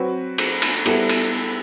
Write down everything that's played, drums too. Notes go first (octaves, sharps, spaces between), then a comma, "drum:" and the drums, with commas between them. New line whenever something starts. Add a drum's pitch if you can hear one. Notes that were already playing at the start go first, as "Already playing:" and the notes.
Already playing: F#3 C4 F#4 B4
drum: cymbal
drum: cymbal
G3 B3 E4 A4, drum: cymbal
drum: cymbal